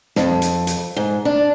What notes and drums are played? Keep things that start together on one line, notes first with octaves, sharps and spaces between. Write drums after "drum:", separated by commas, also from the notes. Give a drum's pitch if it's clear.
F2, drum: snare
drum: hi-hat
drum: hi-hat
G#2
D4